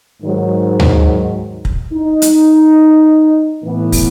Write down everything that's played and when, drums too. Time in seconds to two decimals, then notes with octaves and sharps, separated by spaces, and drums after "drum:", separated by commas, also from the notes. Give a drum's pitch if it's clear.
0.23 G#2 D#3 F#3
0.79 drum: tom D2
1.65 drum: kick
1.94 D#4
2.22 drum: hi-hat
3.64 A2 E3 B3
3.92 drum: kick, open hi-hat